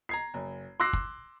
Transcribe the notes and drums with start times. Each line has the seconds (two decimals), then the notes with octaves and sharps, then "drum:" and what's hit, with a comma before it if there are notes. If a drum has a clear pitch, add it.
0.09 A#5 G#6 C7
0.34 F#1
0.80 C6 D6 E6 F#6 A#6 C7
0.93 drum: kick